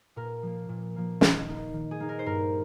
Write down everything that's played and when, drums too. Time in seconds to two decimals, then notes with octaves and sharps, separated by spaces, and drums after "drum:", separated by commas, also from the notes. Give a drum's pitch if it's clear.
0.16 A#2 A#4
0.43 F3 A#3
0.69 A#2
0.96 F3 A#3
1.21 D#3, drum: snare
1.48 A#3 D#4
1.74 D#3
1.91 G#4
2.00 A#3 D#4
2.09 A#4
2.19 C5
2.26 G2 A#4